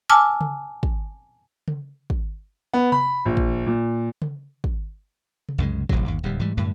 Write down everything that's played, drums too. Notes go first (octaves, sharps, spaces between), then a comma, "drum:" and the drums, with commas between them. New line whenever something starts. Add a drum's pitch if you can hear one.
G#5 A5 D6 E6 F6
drum: tom C#3
drum: kick
drum: tom C#3
drum: kick
B3
B5, drum: tom C3
A#1
drum: kick
A#2
drum: tom C#3
drum: kick
drum: tom C3
C2 F#2 C#3 G#3
D1 A1 C3 F#3, drum: kick
G1 D#2
D1 D#2 C3 G3
G#2 E3 G3
F#2 A2 D3 G3